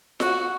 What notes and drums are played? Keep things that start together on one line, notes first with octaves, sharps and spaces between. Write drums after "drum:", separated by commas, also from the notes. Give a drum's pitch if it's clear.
F#4, drum: snare F4